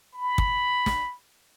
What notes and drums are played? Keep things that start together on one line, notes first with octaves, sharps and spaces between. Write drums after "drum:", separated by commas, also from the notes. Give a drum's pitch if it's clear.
B5
drum: kick
drum: snare